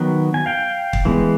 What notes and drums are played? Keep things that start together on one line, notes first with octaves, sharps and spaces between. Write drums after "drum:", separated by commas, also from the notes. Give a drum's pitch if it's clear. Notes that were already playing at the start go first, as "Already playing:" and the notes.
Already playing: D#3 F#3 B3
G#5
F5 G5
drum: kick
E3 G#3 B3